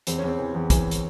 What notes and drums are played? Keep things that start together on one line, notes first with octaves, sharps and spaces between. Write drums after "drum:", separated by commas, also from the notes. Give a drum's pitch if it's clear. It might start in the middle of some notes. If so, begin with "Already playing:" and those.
E2 C4, drum: hi-hat
C#4
E2 C4
E3
E2
E3, drum: kick, hi-hat
drum: hi-hat